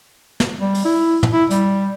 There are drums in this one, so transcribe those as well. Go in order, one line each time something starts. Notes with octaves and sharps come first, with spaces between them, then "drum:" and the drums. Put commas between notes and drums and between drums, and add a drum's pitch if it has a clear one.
drum: snare
G3
drum: open hi-hat
E4
drum: tom
E4
G3, drum: hi-hat